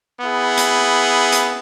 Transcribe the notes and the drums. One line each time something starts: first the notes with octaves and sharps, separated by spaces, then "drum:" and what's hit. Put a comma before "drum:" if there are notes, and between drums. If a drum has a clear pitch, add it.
B3 E4 G#4
drum: hi-hat
drum: hi-hat